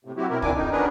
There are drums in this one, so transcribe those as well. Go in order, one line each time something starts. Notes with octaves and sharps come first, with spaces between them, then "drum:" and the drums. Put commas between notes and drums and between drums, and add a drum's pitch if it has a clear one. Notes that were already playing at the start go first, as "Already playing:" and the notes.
A2 C3
F#3 C4 E4 F#4 G4
B2 C4 E4 A#4
F2 D#3 D4 E4 G#5 D6, drum: kick
F2 D#4
B3 C#4 D4 G#4 A#4 B4